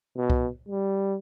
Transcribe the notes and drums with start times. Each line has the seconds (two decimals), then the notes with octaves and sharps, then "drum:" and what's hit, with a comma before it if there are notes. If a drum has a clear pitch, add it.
0.17 B2
0.30 drum: kick C2
0.68 G3